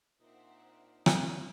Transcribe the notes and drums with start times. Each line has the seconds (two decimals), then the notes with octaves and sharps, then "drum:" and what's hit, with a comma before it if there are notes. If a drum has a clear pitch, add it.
0.21 A#2 C4 D4 D#4 C5 E5 F#5
1.06 drum: rim click